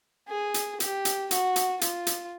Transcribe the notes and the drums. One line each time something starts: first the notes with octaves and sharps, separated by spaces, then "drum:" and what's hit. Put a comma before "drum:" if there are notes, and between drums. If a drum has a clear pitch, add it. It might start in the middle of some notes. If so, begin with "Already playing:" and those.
G#4
drum: hi-hat
G4, drum: hi-hat
drum: hi-hat
F#4, drum: hi-hat
drum: hi-hat
F4, drum: hi-hat
drum: hi-hat